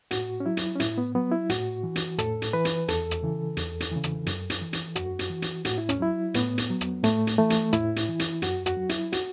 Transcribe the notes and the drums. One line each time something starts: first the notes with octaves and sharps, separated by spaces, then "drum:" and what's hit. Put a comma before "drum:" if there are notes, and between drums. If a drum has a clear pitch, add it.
A2 F#4, drum: hi-hat
C#4
F#3 E4
drum: hi-hat
C#4
A2 E4, drum: hi-hat
B3
F#3 B3
E4
A2 F#4, drum: hi-hat
E3
drum: hi-hat
A2 A4, drum: rim click
drum: hi-hat
E3 B4
drum: hi-hat
E2 A4, drum: hi-hat
drum: rim click
C#3 E3
E2, drum: hi-hat
drum: hi-hat
C#3 E3
drum: rim click
F#2, drum: hi-hat
drum: hi-hat
E3
drum: hi-hat
F#2 F#4, drum: rim click
drum: hi-hat
E3
drum: hi-hat
A2 F#4, drum: hi-hat
E4
C#4, drum: rim click
F#3 E4
A2 B3, drum: hi-hat
drum: hi-hat
F#3
drum: rim click
A2 A3, drum: hi-hat
drum: hi-hat
E3 A3
drum: hi-hat
A2 E4, drum: rim click
drum: hi-hat
E3
drum: hi-hat
F#2 F#4, drum: hi-hat
F#4, drum: rim click
F#3
E4, drum: hi-hat
F#4, drum: hi-hat